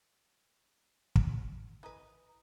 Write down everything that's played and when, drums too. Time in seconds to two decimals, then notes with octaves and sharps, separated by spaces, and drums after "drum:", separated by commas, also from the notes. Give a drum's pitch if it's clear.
1.15 drum: kick
1.83 E3 B4 D#5 A#5 D#6